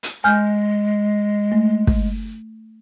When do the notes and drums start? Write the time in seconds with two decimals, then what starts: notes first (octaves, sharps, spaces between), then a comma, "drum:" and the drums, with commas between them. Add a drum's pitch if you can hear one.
0.03 drum: hi-hat
0.24 G#3 G#5 F6 G6
1.52 A3
1.87 drum: kick